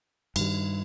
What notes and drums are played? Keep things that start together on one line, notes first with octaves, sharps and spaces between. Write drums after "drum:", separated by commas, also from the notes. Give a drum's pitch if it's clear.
G2 D#3 G3, drum: cymbal